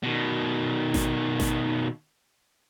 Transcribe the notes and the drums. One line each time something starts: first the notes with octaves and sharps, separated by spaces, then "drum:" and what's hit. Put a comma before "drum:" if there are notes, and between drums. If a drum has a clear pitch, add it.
B2 D#3
drum: snare G#1
drum: snare G#1